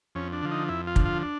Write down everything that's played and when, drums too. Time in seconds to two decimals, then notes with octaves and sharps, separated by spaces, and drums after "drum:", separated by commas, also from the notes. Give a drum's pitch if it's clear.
0.15 F2 C#4
0.33 D4
0.42 D3 F3
0.51 D#4
0.69 F2 E4
0.87 F4
0.96 D3 F3, drum: kick
1.05 F4
1.23 D4